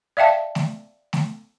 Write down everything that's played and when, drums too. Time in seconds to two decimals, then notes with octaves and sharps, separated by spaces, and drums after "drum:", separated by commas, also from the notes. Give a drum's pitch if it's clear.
0.17 D5 E5 F5 G5 A5
0.55 drum: snare
1.13 drum: snare